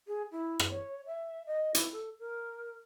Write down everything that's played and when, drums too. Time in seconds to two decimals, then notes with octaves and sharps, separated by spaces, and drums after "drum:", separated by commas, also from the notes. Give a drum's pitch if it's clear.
0.07 G#4
0.32 E4
0.59 drum: rim click
0.69 C#5
1.06 E5
1.47 D#5
1.75 E4, drum: hi-hat
1.92 A4
2.19 A#4